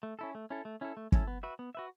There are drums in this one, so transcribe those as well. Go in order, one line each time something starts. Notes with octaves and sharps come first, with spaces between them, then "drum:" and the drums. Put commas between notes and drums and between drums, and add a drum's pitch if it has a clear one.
A3
C#4 E4 A4
A3
C#4 E4 A4
A3
C#4 E4 A4
A3
C#4 E4 A4, drum: kick
B3
F#4 B4 E5
B3
F#4 B4 E5